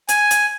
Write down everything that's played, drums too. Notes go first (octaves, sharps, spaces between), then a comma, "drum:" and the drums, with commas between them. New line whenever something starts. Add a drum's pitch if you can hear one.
G#5, drum: hi-hat
drum: hi-hat